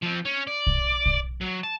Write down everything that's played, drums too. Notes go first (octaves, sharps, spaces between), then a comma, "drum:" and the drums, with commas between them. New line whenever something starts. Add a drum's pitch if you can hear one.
F3 C4
C#4
D5
drum: kick
drum: kick
F#3
A5